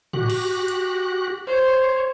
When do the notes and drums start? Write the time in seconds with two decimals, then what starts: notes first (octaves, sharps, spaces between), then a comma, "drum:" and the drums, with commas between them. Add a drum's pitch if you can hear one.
0.13 F#4 G4 F#6, drum: tom G#2
0.30 drum: cymbal
0.68 drum: hi-hat
1.47 C5 C#5